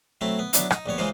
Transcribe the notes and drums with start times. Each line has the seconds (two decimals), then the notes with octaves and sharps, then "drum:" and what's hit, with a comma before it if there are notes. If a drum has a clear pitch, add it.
0.21 F#3 A3 C4 E4
0.39 B3
0.53 F#3 B3 D4 E4, drum: hi-hat
0.70 D#4, drum: rim click
0.86 A#1 G2 B3 C#5
0.98 C#2 E3 G#3 D#4 F4 C5